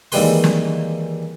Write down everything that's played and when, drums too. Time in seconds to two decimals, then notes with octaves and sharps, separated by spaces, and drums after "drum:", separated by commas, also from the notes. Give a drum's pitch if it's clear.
0.12 D#2 E3 G3 G#3 B4 C6, drum: open hi-hat
0.44 drum: snare